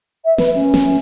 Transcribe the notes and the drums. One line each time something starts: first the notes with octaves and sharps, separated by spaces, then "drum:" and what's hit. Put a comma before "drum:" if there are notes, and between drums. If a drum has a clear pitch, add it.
E5
B4, drum: snare
C#4
drum: snare